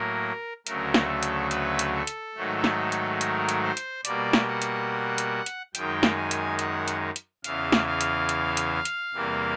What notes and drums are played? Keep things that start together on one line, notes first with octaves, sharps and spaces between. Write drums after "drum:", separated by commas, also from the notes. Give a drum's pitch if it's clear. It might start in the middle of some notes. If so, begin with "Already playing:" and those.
Already playing: A2 F#3 A#3 A#4
D2 C#3 F#3 A3 A#4, drum: hi-hat
drum: snare
A4
drum: hi-hat
B4, drum: hi-hat
drum: hi-hat
A4
drum: hi-hat
G#2 D#3 F#3 A3
drum: snare
drum: hi-hat
A#4, drum: hi-hat
drum: hi-hat
C5
drum: hi-hat
B2 G3 A#3 D5, drum: hi-hat
drum: snare
F#5
drum: hi-hat
drum: hi-hat
drum: hi-hat
F#2 D#3 G#3 G5, drum: hi-hat
drum: snare
G#5
drum: hi-hat
F#5, drum: hi-hat
drum: hi-hat
drum: hi-hat
E2 C#3 E3 F5, drum: hi-hat
drum: snare
F5
drum: hi-hat
drum: hi-hat
drum: hi-hat
drum: hi-hat
E2 C3 E3 G3 A#3